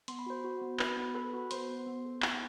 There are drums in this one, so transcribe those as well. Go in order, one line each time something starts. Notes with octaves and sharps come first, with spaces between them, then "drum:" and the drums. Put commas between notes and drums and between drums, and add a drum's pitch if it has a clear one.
B3 C6, drum: hi-hat
B5
F#4 C5 C6
F#4
B3
F#4 B4 B5, drum: clap
B3
A4 B4 B5
F#4
B3 C5 C6, drum: hi-hat
B3
B3
A4
B3, drum: clap